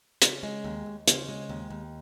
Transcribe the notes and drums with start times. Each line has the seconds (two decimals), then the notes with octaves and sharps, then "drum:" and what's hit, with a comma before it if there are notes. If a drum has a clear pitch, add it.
0.22 C#3, drum: hi-hat
0.43 G#3
0.64 D#2
0.86 D#2
1.08 C#3 C5, drum: hi-hat
1.29 G#3
1.49 D#2
1.71 D#2